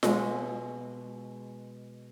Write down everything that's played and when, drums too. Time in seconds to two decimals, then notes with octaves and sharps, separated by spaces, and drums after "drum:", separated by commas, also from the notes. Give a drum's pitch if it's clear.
0.03 B2 G#3, drum: snare F4